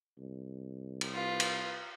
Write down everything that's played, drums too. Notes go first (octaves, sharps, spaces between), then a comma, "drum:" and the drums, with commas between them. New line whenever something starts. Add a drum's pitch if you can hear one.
C2
drum: cymbal
F4 B4
drum: cymbal